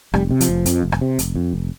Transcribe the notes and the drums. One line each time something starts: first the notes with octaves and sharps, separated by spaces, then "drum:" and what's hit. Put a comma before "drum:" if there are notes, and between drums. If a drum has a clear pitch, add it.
F1 G3, drum: rim click
C3
F3, drum: hi-hat
F1
F2, drum: hi-hat
F1
drum: rim click
C3
F1, drum: hi-hat
F2
F1